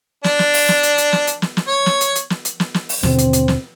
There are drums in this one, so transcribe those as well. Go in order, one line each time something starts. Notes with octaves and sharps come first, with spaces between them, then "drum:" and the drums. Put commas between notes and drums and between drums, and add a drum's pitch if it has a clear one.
D4, drum: snare
drum: snare
drum: open hi-hat
drum: snare
drum: hi-hat
drum: hi-hat
drum: snare
drum: hi-hat
drum: snare
drum: snare
C#5
drum: snare
drum: hi-hat
drum: hi-hat
drum: snare
drum: hi-hat
drum: snare
drum: snare
drum: open hi-hat
D#2 B2 D3 C4, drum: snare
drum: hi-hat
drum: hi-hat
drum: snare